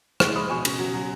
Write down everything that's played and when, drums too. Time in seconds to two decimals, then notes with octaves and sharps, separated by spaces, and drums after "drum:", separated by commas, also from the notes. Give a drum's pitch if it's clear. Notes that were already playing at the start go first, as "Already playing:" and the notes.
0.20 G#3 C#6 F#6, drum: rim click
0.36 G#3 B5 D#6
0.50 B2 G#5 C#6
0.65 C#3, drum: cymbal
0.79 F#3
0.94 F#3